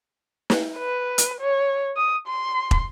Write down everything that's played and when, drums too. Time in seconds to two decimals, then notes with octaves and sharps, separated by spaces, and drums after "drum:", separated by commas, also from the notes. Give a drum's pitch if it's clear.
0.50 drum: snare
0.77 B4
1.18 drum: hi-hat
1.41 C#5
1.97 D#6
2.27 C6
2.71 drum: kick